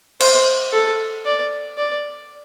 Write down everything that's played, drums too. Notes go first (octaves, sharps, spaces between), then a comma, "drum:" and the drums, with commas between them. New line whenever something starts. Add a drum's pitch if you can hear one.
C5, drum: cymbal
A4
D5
D5